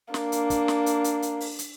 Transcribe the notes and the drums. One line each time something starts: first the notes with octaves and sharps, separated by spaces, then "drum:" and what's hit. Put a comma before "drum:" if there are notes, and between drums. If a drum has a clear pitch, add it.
A#3 D4, drum: snare
drum: hi-hat
drum: kick, hi-hat
drum: snare
drum: hi-hat
drum: hi-hat
drum: hi-hat
drum: open hi-hat
drum: hi-hat